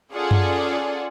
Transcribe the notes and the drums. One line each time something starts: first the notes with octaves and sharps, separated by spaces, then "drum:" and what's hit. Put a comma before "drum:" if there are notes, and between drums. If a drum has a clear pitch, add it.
C#4 F4 G#4 A4 D5 F#5
drum: tom F#2